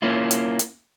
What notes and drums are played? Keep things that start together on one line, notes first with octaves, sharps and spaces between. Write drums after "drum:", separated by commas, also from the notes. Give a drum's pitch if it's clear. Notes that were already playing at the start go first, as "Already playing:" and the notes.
A#3 C#4 E4 F4
drum: hi-hat
drum: hi-hat